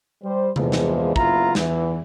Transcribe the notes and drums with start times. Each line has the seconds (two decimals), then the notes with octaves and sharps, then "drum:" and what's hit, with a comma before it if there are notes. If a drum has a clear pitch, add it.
0.23 G3 C5
0.56 E2 G2 A#2 E3 F3 G#3, drum: tom C3
0.72 drum: snare
1.16 F#1 B3 E4 F4 A#5, drum: kick
1.55 E2 E3, drum: snare